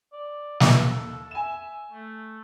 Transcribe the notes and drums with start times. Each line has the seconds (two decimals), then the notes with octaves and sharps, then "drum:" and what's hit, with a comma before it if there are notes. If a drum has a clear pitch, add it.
0.13 D5
0.60 D#2 A4, drum: snare
1.31 E5 G#5 E7
1.91 A3